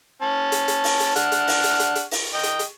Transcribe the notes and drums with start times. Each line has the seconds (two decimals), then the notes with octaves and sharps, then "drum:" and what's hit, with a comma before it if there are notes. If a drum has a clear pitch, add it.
0.22 C#4 A5
0.52 drum: hi-hat
0.68 drum: hi-hat
0.84 drum: open hi-hat
1.00 drum: hi-hat
1.16 D4 F#5 F6, drum: hi-hat
1.32 drum: hi-hat
1.48 drum: open hi-hat
1.63 drum: hi-hat
1.79 drum: hi-hat
1.95 drum: hi-hat
2.11 drum: open hi-hat
2.34 D#5 G5
2.43 drum: hi-hat
2.59 drum: hi-hat